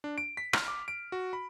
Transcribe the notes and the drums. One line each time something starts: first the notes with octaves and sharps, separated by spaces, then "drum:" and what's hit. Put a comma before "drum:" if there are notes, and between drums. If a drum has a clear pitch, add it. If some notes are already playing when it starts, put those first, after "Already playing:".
D4
D7
B6
F6, drum: rim click
D6
D7
F#4
B5